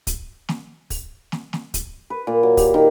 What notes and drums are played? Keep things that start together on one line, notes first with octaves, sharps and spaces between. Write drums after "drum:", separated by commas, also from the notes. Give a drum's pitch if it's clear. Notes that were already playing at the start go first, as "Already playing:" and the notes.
drum: kick, hi-hat
drum: snare
drum: kick, open hi-hat
drum: snare
drum: snare
drum: kick, hi-hat
B4
A#2
F#3
G4, drum: kick, open hi-hat
D#3